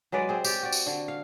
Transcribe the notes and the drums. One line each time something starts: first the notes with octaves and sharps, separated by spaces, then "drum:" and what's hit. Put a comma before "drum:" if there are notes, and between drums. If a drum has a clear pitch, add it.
F#3 G#3 B4 D5
C4 G#4
G4 D5, drum: tambourine
F#4 D5
drum: tambourine
D3
F5